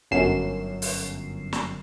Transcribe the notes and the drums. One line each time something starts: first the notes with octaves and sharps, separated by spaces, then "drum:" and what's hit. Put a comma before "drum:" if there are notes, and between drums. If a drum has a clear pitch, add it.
G1 F#2 C7 E7
drum: open hi-hat
drum: snare